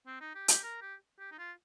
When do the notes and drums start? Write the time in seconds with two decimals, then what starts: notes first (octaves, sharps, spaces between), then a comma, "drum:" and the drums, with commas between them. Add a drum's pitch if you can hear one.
0.07 C4
0.20 D#4
0.35 G4
0.48 G4, drum: hi-hat
0.63 A#4
0.81 G4
1.19 G4
1.31 D#4
1.38 F4